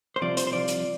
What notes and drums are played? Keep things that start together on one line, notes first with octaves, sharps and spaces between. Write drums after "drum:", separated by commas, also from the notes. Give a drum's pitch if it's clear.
C5
C2 C3 F3 D5
C5, drum: hi-hat
C5
C2 C3 F3 D5
drum: hi-hat